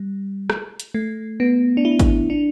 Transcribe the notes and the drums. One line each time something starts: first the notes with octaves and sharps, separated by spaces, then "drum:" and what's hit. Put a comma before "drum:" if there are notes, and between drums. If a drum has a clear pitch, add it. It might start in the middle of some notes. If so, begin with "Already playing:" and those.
Already playing: G3
drum: rim click
drum: hi-hat
A3
B3
D4
E4
drum: kick G#1, hi-hat
D4